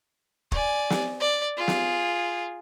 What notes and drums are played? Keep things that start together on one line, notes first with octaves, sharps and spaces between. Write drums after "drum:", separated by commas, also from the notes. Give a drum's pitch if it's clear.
D5 G#5, drum: kick
drum: snare
D5
F4 G#4
drum: snare